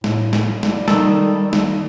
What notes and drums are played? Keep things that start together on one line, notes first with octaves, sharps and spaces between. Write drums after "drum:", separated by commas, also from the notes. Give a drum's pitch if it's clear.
A2, drum: snare
drum: snare
G3, drum: snare
D#3 A4, drum: snare
drum: snare